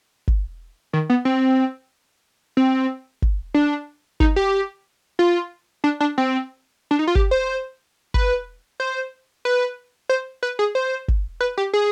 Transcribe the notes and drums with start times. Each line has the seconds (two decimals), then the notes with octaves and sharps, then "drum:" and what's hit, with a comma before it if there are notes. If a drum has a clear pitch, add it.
0.28 drum: kick G1
0.93 D#3
1.10 B3
1.25 C4
2.57 C4
3.22 drum: kick G1
3.54 D4
4.20 D#4, drum: kick G1
4.36 G4
5.19 F4
5.84 D4
6.00 D4
6.18 C4
6.91 D4
6.99 D#4
7.07 F4
7.15 G4, drum: kick G1
7.31 C5
8.14 B4, drum: kick G1
8.80 C5
9.45 B4
10.09 C5
10.43 B4
10.59 G#4
10.75 C5
11.08 drum: kick G1
11.40 B4
11.58 G4
11.73 G#4